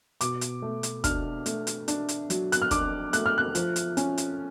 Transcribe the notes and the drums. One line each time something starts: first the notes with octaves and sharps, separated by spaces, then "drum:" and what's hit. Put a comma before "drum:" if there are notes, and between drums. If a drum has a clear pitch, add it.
B2 D6, drum: hi-hat
drum: hi-hat
A3
drum: hi-hat
D4 F6, drum: kick, hi-hat
A3, drum: hi-hat
drum: hi-hat
D4, drum: hi-hat
drum: hi-hat
F#3, drum: hi-hat
F#6, drum: hi-hat
F6
D4 D6, drum: kick, hi-hat
A3 F#6, drum: hi-hat
F6
F#6
F3, drum: hi-hat
drum: hi-hat
C#4, drum: hi-hat
drum: hi-hat